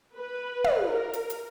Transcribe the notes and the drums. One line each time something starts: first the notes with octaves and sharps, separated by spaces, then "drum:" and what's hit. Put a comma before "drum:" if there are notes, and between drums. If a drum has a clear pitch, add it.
B4
drum: tom
A#4
drum: hi-hat
drum: hi-hat